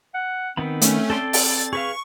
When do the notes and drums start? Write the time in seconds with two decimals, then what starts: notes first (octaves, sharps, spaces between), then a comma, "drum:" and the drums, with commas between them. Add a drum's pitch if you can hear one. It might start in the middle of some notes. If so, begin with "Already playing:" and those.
0.14 F#5
0.57 D#3 B3 C4 B5
0.82 A3 C#4, drum: hi-hat
1.10 A4 D5 C6
1.33 A6, drum: open hi-hat
1.73 G#4 B4 F5 C#6